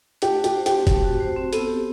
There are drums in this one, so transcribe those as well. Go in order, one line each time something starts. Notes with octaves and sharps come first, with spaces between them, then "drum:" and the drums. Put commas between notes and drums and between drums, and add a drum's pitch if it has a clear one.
A3 G4, drum: hi-hat
F#4
G4, drum: hi-hat
C5
C4 G4, drum: hi-hat
A3, drum: kick, hi-hat
F#4
C5
C4
B3 A4, drum: hi-hat
G4